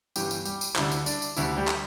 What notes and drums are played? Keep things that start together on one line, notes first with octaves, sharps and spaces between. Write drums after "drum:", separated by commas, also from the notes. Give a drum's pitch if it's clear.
G1 G2 E3 G3 G4, drum: tambourine
drum: tambourine
G3 G4, drum: tambourine
drum: tambourine
D2 D3 G3 E4, drum: clap
drum: tambourine
D4, drum: tambourine
drum: tambourine
D2 D3 G3 E4, drum: tambourine
G3 G4
drum: clap